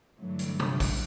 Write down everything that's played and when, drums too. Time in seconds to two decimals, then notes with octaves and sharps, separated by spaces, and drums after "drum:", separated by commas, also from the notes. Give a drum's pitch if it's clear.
0.18 G2 D3 E3 F#3 A3
0.39 drum: hi-hat
0.60 drum: tom
0.80 drum: kick, open hi-hat